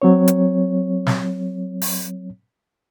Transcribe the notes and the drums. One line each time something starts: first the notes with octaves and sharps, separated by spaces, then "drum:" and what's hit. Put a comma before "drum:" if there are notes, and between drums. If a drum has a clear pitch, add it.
F#3 C4 C#5
drum: hi-hat
drum: snare
drum: open hi-hat